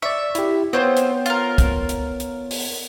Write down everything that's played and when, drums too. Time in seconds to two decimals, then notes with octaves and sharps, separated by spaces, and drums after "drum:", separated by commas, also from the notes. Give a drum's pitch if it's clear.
0.02 D5 E5 C#6
0.35 E4 G4, drum: hi-hat
0.73 B3 C4 F4 C5 C#5
0.97 drum: hi-hat
1.26 F4 A#4, drum: hi-hat
1.58 drum: kick, hi-hat
1.89 drum: hi-hat
2.20 drum: hi-hat
2.51 drum: open hi-hat